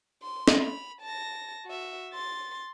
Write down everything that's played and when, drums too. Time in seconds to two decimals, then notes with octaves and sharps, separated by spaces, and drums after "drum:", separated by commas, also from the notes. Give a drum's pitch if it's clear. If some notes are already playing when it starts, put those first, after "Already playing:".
0.23 C6
0.48 drum: snare
0.60 B5 F7
1.01 A5 A#6
1.66 F#4 E5
2.13 C6 A6